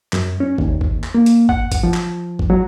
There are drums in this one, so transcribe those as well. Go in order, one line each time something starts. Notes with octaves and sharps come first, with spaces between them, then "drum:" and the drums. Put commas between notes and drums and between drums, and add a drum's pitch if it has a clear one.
F#2, drum: clap
C#4
D#2, drum: kick
drum: kick
drum: clap
A#3
drum: hi-hat
F#5, drum: kick
drum: kick, hi-hat
F3
drum: clap
drum: kick
F#3